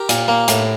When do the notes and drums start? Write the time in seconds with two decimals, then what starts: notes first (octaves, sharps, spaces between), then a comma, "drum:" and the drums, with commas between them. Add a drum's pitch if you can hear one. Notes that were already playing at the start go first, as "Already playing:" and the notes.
Already playing: G4 A#4
0.09 A#2, drum: hi-hat
0.28 A#3
0.48 A2, drum: hi-hat